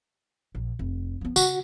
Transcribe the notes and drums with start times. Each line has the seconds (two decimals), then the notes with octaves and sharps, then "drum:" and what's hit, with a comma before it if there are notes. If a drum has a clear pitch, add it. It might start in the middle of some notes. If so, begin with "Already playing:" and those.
0.55 A#1
0.79 F1
1.21 F3 B3
1.36 C#3 F#4, drum: tambourine